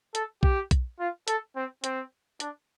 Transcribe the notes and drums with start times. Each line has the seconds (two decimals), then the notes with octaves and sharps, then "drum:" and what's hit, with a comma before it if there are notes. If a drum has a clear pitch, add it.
0.15 A4, drum: hi-hat
0.43 G4, drum: kick
0.71 drum: kick, hi-hat
0.99 F4
1.28 A4, drum: hi-hat
1.56 C4
1.84 C4, drum: hi-hat
2.40 D4, drum: hi-hat